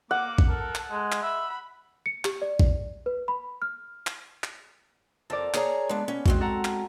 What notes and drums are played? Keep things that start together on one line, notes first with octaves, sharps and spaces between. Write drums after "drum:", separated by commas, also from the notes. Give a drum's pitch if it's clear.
A#3 F#5 D6
drum: kick
A4 A#4
drum: clap
G#3
drum: clap
E5 B5
C#7
G4, drum: clap
D5
drum: kick
B4
B5
F6
drum: clap
drum: clap
F2 F3 A4 A#4 D5
G#4 C#5 A#5, drum: clap
G#3 B3 D4
C#4
G#3 C4 F#4, drum: kick
A4 F#5 A#5
drum: clap